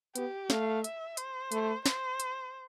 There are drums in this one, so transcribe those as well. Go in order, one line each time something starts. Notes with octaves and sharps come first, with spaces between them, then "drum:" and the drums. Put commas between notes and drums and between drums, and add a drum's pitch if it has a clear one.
B3 G4, drum: hi-hat
A3 F5, drum: snare
E5, drum: hi-hat
C5, drum: hi-hat
A3, drum: hi-hat
C5, drum: snare
drum: hi-hat